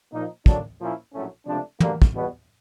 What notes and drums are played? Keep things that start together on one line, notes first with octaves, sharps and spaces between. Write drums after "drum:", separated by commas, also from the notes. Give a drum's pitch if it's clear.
A#2 F3 A#3 D#4
D2 D3 F#3 A#3 D4, drum: kick
A#2 F3 A#3 C#4 E4
A#1 A2 F#3 A3 C#4
C#2 C3 F3 A3 D4
D2 D3 G3 A#3, drum: tom
drum: kick
E2 B2 G3 B3